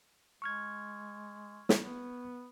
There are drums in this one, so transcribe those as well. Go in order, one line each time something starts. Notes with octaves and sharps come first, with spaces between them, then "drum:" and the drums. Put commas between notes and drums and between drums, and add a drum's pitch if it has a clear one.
G#3 C#6 F6 G#6
drum: snare
B3